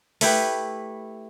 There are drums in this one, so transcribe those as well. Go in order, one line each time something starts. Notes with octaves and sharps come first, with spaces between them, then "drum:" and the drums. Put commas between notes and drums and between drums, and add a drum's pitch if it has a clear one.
A3 E4 G4 B4, drum: open hi-hat